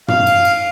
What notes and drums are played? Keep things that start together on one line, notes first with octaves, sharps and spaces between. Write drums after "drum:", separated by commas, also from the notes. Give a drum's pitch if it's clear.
F5, drum: tom
drum: cymbal
drum: cymbal